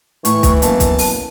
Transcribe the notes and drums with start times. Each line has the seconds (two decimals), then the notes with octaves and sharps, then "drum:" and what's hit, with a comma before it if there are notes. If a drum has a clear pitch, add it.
0.25 A2 E3 C#6, drum: hi-hat
0.43 drum: kick, hi-hat
0.62 F#2 B2 A#3 A5, drum: hi-hat
0.80 drum: kick, hi-hat
0.98 drum: open hi-hat